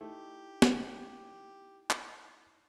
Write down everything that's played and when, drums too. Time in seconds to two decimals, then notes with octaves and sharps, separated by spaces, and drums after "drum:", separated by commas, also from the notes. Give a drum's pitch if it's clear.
0.01 A3 D#4 E4 G4
0.62 drum: snare
1.90 drum: clap